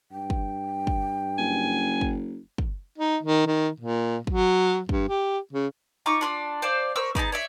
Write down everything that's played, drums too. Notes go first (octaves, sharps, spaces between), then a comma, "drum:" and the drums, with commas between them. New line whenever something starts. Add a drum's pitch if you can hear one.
G2 G5
drum: kick
drum: kick
F#1 G#5
drum: kick
drum: kick
D#4
D#3
D#3
A#2
F#3, drum: kick
G2, drum: kick
G4
C#3
D#4 F4 C#6 D6
D4 F4 D5
C5 D5 F5
A#4 C5 C#6 E6
B3 D#4 G#4 A5, drum: kick
C#5 D5 E5